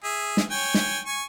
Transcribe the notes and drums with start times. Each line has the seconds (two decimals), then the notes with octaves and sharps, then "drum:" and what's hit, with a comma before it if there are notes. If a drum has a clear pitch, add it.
0.04 G#4 E5
0.37 drum: snare
0.51 C#5 G5 G#5
0.74 drum: snare
1.06 G#5 C#6